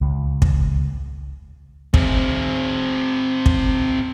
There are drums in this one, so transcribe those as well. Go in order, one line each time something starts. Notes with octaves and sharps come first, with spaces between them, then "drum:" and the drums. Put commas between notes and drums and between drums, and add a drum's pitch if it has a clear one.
C#2
drum: kick
C4 G#4, drum: kick
drum: kick